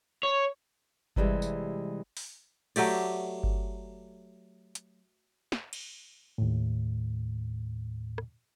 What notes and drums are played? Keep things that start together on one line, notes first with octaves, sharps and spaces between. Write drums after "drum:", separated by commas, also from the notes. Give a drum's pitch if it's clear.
C#5
C3 E3 G3 G#3, drum: kick G1
drum: tambourine
drum: open hi-hat
F#3 A3 G4 D5, drum: cymbal
drum: kick G1
drum: hi-hat
drum: snare
drum: cymbal
D#2 A2
drum: rim click